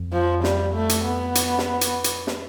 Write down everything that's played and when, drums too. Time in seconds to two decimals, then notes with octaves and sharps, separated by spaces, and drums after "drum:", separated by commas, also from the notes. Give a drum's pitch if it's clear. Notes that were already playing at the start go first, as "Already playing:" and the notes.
Already playing: F2
0.13 F3
0.44 G3, drum: snare
0.74 A3
0.89 drum: hi-hat
1.05 B3
1.35 drum: hi-hat
1.58 drum: snare
1.81 drum: hi-hat
2.04 drum: hi-hat
2.27 drum: snare